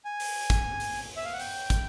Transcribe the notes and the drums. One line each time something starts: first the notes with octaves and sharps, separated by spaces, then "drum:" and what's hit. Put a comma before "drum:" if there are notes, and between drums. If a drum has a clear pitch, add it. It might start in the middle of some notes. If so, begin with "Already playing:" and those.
G#5
drum: open hi-hat
drum: kick, hi-hat
drum: open hi-hat
E5
F5
F#5
G5, drum: open hi-hat
drum: kick, hi-hat